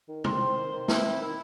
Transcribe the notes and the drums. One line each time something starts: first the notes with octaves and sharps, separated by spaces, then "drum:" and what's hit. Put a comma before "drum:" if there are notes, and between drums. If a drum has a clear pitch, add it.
D#3
C4 C5, drum: tom
C4
D#3
D#3
C4 E4, drum: snare
C4
D#3 E4